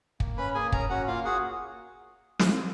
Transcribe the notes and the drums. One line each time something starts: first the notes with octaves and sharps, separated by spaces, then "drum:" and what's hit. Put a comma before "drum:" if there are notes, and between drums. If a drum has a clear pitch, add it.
A#3, drum: kick
C#4 B4 B5
A#3 G#4 G#5
C#4 A#4 A#5, drum: kick
C#4 F#4 F#5
A#3 F4 F5
F#4 G#4 F#5
drum: snare